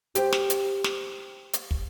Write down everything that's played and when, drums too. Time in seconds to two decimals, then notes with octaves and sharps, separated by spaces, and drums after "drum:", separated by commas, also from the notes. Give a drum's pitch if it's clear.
0.15 G4 C5, drum: hi-hat
0.33 drum: snare
0.50 drum: hi-hat
0.84 drum: snare
1.53 drum: hi-hat
1.71 drum: kick